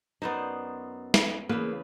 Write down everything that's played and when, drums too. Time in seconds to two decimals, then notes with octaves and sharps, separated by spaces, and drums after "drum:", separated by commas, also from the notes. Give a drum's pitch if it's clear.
0.22 F#2 B3 D#4 C5 D5
1.14 drum: snare
1.49 E2 C#3 A#3 B4